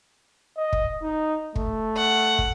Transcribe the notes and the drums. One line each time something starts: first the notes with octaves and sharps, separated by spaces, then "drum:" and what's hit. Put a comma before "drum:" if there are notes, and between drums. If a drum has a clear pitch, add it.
D#5
drum: kick
D#4
A3, drum: kick
F#5
drum: kick